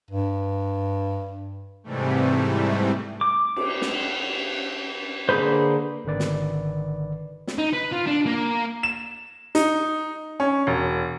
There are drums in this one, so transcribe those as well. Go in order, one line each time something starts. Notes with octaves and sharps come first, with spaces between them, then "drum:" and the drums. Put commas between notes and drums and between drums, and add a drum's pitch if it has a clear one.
G2
G#2 C3 E3 G3 A3
D6
drum: cymbal
drum: snare
D3 A#3 G#4 B4 C5
G#1 D3 D#3 B4 D5
drum: snare
drum: snare
D#4
B4
F4
D4
A#3
E7
D#4, drum: hi-hat
C#4
E1